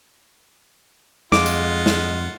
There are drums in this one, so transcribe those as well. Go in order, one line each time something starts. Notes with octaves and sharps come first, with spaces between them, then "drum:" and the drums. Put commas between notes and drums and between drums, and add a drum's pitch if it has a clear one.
F2 G#3 F4 F#5 D6, drum: snare
drum: tambourine
drum: snare